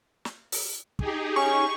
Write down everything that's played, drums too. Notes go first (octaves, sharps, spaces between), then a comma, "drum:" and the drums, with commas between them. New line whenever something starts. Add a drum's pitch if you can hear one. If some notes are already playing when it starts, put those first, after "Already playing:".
drum: snare
drum: open hi-hat
D#4 G4 G#4, drum: kick
C#4 C#6